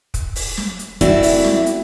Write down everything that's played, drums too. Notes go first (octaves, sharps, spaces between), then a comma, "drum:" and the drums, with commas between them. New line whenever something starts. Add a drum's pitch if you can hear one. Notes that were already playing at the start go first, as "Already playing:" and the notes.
drum: kick, hi-hat
drum: open hi-hat
drum: snare
drum: hi-hat
A3 C4 E4 F#4 D5 E5, drum: kick, hi-hat
drum: open hi-hat
drum: snare
drum: hi-hat